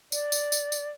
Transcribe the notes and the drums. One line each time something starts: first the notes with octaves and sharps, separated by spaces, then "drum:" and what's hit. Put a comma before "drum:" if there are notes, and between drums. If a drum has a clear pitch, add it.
D5, drum: tambourine
drum: tambourine
drum: tambourine
drum: tambourine